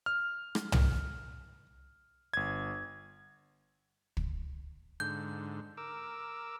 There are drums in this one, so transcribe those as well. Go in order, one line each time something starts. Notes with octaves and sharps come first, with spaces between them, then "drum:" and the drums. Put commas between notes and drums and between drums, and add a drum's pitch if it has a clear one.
F6
drum: rim click
drum: tom
G1 G#6
drum: kick
G#2 D3 G6
A#4 D6 E6